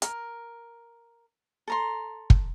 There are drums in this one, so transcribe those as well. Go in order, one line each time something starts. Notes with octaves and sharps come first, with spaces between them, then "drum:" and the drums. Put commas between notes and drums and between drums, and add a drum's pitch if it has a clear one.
A#4, drum: hi-hat
A4 A#5 C6
drum: kick